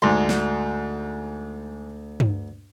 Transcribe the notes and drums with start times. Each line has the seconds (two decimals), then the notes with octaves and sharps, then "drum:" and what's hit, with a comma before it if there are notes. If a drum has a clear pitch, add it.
0.02 D2 G#2 C6
0.29 drum: snare
2.20 drum: tom G2